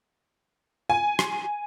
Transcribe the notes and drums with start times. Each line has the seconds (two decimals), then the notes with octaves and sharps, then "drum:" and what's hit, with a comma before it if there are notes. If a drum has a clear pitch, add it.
0.90 G#5
1.19 drum: rim click